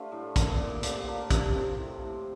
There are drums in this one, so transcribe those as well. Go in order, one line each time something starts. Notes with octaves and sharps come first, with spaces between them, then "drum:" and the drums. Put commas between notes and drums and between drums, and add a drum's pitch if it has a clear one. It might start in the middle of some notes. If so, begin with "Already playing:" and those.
Already playing: A3 D4 F4 G4 C5
A2
A#2, drum: kick, hi-hat
A#2
F3 G4, drum: hi-hat
F3 A#4
C3 C5, drum: kick, hi-hat
C3 G5
A2
A2